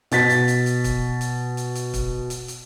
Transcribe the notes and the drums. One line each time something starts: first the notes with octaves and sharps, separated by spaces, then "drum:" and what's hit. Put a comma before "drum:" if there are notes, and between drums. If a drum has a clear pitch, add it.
B2 A6 B6, drum: hi-hat
drum: hi-hat
drum: hi-hat
drum: hi-hat
drum: kick, hi-hat
drum: hi-hat
drum: hi-hat
drum: hi-hat
drum: kick, hi-hat
drum: hi-hat
drum: hi-hat